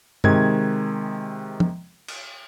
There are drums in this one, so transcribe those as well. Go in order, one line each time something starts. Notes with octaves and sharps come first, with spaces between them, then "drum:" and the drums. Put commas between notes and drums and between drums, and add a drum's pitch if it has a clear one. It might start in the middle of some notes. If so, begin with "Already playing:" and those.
C3 D#3 G#3 G#6, drum: tom G2
drum: tom
drum: cymbal